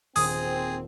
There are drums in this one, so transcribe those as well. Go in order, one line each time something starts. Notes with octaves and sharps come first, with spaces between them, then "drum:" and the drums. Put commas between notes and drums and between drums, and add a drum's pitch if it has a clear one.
D#1 C4 G#4 D#6, drum: open hi-hat